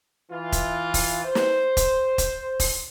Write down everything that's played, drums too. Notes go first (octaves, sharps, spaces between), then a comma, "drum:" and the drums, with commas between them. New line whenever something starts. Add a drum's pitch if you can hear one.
E3 F4
drum: kick E1, hi-hat
drum: kick E1, open hi-hat
C5
drum: snare
drum: kick E1, hi-hat
drum: kick E1, hi-hat
drum: kick E1, open hi-hat